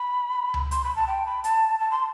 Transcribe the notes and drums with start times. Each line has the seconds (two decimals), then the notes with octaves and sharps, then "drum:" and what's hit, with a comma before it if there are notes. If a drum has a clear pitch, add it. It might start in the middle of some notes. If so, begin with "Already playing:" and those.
Already playing: B5
0.54 drum: tom C#2
0.71 C6, drum: hi-hat
0.84 B5
0.96 A5
1.08 G5
1.26 B5
1.44 A5, drum: hi-hat
1.80 A5
1.91 C6